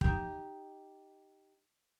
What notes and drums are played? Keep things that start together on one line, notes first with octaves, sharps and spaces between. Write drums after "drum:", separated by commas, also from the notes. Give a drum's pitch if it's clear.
D#4 G4, drum: kick